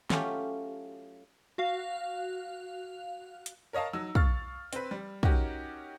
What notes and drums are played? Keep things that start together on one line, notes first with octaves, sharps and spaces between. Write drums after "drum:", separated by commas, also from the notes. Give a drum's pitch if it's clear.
F#3 A3 C#4 F4 G4, drum: snare
F#4 F5
drum: hi-hat
A#4 C#5 D#5 F5 A5
F#3 D#4 E6
F5 C#6 F6 A6, drum: kick
C4 B4, drum: hi-hat
G3
C#4 D#4 F#4 G4 A#4, drum: kick